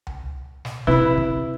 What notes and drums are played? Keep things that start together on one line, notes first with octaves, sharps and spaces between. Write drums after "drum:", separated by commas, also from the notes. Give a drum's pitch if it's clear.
drum: tom C#2
drum: snare
C3 C4 E4 B4 B5
drum: kick